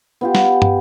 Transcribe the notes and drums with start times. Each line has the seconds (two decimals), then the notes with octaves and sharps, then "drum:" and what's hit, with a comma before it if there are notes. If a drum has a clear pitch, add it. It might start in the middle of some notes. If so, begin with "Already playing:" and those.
0.21 B3 F4 G4
0.35 drum: snare
0.62 drum: tom